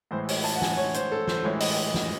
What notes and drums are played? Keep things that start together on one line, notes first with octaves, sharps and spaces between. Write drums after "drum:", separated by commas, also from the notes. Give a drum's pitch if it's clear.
A2 E3 G#3 C5
C#5, drum: open hi-hat
A5
F#5
G#5, drum: snare
C#5
C5, drum: hi-hat
A4
C5, drum: snare
A2 E3 G#3 C#5
D#5, drum: open hi-hat
drum: snare